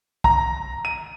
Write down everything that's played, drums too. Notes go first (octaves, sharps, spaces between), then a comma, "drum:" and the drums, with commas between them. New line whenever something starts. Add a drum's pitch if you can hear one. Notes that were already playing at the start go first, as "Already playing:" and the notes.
A#5, drum: kick
D#7